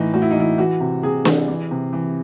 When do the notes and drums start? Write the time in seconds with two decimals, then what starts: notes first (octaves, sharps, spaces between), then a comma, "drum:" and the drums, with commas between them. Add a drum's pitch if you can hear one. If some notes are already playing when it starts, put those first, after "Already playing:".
Already playing: A2 E3 D#4
0.14 A2 F#4
0.22 E4
0.31 D#4
0.35 E3 E4
0.58 E3 F#4
0.80 C3
1.03 C3 G#4
1.25 E3, drum: snare
1.48 E3
1.71 C3
1.93 E3